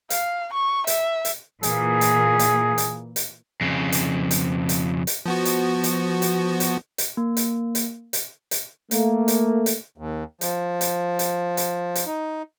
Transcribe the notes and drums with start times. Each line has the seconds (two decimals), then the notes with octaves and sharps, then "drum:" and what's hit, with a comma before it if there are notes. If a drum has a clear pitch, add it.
0.10 F5, drum: hi-hat
0.53 C#6
0.87 E5, drum: hi-hat
1.25 drum: hi-hat
1.63 A#2 E3 G#4, drum: hi-hat
2.01 drum: hi-hat
2.39 drum: hi-hat
2.78 drum: hi-hat
3.16 drum: hi-hat
3.61 F2 C#3
3.92 drum: hi-hat
4.31 drum: hi-hat
4.69 drum: hi-hat
5.07 drum: hi-hat
5.26 F3 B3 F#4
5.45 drum: hi-hat
5.84 drum: hi-hat
6.22 drum: hi-hat
6.60 drum: hi-hat
6.98 drum: hi-hat
7.17 A#3
7.37 drum: hi-hat
7.75 drum: hi-hat
8.13 drum: hi-hat
8.51 drum: hi-hat
8.91 A3 A#3, drum: hi-hat
9.28 drum: hi-hat
9.66 drum: hi-hat
9.98 D#2
10.41 F3, drum: hi-hat
10.81 drum: hi-hat
11.19 drum: hi-hat
11.57 drum: hi-hat
11.95 drum: hi-hat
12.06 D#4